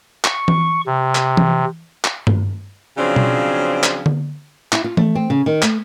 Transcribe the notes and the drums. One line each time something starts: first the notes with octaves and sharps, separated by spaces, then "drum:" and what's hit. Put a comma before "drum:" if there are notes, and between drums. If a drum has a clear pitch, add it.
C#6, drum: clap
drum: tom E3
C3
drum: clap
drum: tom E3
drum: clap
drum: tom G2
C#3 F3 F#3 C4 D4
drum: tom B2
drum: clap
drum: tom D3
E4, drum: clap
F4
A3, drum: tom E3
C4
C#3
D#3
A3, drum: clap